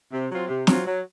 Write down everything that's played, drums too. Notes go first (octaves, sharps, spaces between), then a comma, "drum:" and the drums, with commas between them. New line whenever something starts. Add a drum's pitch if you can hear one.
C3
F#3 C4 F4
C3
F#3 C4 F4, drum: snare
F#3